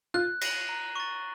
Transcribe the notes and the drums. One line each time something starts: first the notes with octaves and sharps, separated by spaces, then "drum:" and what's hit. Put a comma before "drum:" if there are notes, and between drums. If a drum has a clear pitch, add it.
F4 F#6
A#6 D#7 F#7, drum: cymbal
A#5
C#6 A6